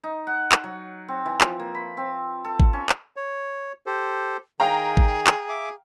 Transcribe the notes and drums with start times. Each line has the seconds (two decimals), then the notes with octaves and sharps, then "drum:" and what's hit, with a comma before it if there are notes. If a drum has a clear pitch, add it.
0.04 D#4
0.27 F#5
0.52 drum: clap
0.64 F#3
1.08 C4
1.26 E3
1.41 F3, drum: clap
1.59 A#3
1.75 B5
1.97 C4
2.44 A4
2.60 drum: kick G#1
2.73 C#4
2.89 drum: clap
3.16 C#5
3.86 G4 A4 C5
4.60 D#3 G#4 F5 G5 A#5
4.97 drum: kick G#1
5.27 drum: clap
5.49 E5 D6